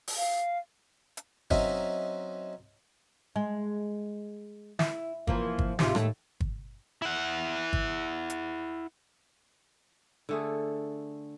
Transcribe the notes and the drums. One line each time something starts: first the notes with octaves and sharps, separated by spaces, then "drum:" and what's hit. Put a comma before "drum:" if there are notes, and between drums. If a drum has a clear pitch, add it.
drum: open hi-hat
F5
drum: hi-hat
F#3 C4 C#4 D#4 E5, drum: kick
G#3
E4, drum: snare
E3 F3 A#3, drum: kick
drum: kick
G#2 C3 F4, drum: snare
D#2 A2 A3, drum: rim click
drum: kick
E4 F#5
drum: kick
drum: hi-hat
D3 A3 G#4